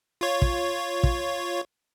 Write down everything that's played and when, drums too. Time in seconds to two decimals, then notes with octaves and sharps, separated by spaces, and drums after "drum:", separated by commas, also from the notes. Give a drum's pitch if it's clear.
0.21 F4 C#5
0.42 drum: kick
1.03 drum: kick